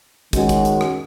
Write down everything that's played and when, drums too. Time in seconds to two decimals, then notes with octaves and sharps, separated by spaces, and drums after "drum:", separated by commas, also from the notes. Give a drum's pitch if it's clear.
0.33 D#3 G#3 C#4 F#4, drum: kick, hi-hat
0.49 drum: kick, hi-hat
0.65 drum: hi-hat
0.81 drum: rim click